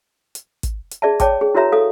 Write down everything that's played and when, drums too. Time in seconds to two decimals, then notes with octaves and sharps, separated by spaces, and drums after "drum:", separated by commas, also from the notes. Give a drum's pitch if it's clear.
0.35 drum: hi-hat
0.63 drum: kick, hi-hat
0.92 drum: hi-hat
1.02 G#4 D5 E5 A5
1.20 C#5 G5 A5 D6, drum: kick, hi-hat
1.41 G#4
1.55 E4 F#4 A#4 C#5 E5 A#5
1.72 A4 F5 D#6